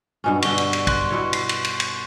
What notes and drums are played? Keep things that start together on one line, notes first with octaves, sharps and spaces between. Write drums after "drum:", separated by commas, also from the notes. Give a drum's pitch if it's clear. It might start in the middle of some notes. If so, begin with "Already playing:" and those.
G2 B2 C#4
G2 D3 C#6 G7, drum: cymbal
drum: cymbal
drum: cymbal
C6 F#6, drum: kick, cymbal
B2 E4 C#5
C7, drum: cymbal
drum: cymbal
drum: cymbal
drum: cymbal